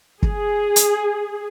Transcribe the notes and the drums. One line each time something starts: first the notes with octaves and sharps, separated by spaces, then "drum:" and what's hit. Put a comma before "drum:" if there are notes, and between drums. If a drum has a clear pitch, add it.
G#4, drum: kick
drum: hi-hat